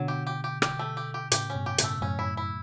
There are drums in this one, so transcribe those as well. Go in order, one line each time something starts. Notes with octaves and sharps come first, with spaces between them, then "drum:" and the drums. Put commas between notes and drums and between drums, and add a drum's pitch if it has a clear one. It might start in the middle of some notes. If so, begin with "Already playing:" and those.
Already playing: B2 D3 F#3
G4
G4
G4
G4, drum: rim click
A3
G4
G4
A2 C#3 G4, drum: hi-hat
C#4
G2 B2
G4
A2 C#3, drum: hi-hat
A3
F#2 A2 C#4
E4
E4